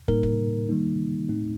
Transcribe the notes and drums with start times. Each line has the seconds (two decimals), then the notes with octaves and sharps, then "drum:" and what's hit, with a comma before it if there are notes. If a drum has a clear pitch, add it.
0.08 A2 G3 A#3 D#4 A#4, drum: kick
0.23 drum: kick
0.69 D#3 G3 A#3 D#4
1.29 A2 A3 C4 D#4